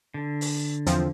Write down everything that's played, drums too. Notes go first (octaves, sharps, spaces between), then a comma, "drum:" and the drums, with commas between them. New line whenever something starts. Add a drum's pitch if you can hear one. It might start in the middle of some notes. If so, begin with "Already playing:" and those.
D3
drum: open hi-hat
E2 F3 C4, drum: hi-hat